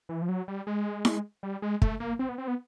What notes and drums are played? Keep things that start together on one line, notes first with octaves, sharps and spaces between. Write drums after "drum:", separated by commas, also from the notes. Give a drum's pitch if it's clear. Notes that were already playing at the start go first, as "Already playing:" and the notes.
E3
F3
F#3
G3
G#3
drum: snare E4
G3
G#3
A3, drum: kick
A#3
C4
B3
C4
B3